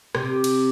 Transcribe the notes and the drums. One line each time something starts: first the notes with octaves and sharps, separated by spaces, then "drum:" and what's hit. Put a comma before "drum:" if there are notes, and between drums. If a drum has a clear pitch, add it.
C3, drum: rim click
drum: cymbal